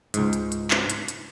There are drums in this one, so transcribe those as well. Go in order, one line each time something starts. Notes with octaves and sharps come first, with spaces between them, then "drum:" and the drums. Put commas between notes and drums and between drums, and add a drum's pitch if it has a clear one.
C#2 G#2, drum: hi-hat
drum: hi-hat
drum: hi-hat
drum: clap
drum: hi-hat
drum: hi-hat